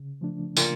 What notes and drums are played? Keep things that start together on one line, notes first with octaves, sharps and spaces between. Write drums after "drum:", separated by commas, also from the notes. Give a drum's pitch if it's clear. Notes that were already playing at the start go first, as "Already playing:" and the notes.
Already playing: C#3
F3 A3 D4
A#2 C#3, drum: tambourine